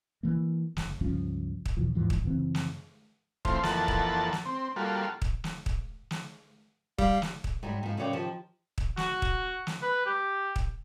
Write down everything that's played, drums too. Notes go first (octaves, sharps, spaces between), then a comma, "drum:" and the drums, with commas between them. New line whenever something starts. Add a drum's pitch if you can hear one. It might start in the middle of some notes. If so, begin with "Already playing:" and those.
E3 A#3
F#1, drum: snare
C#2 G2 F3 C#4
drum: kick
E2 B2 E3 F3
D#2 G#2 E3 F3
drum: kick
F#2 C#3 E3 C4
drum: snare
E3 A3 C4 F4 C5, drum: kick
F2 E3 A#3 A4 F#5 A5, drum: snare
drum: kick
drum: snare
C4
G3 A#3 F4 F#4 A4
drum: kick
drum: snare
drum: kick
drum: snare
G3 F5, drum: kick
drum: snare
drum: kick
G#2 F#3 G3
G#2 F3
F#2 C#3 F#4 C#5 D5 G5
D#3 F3 G4 C5
drum: kick
F#4, drum: snare
drum: kick
drum: snare
B4
G4
drum: kick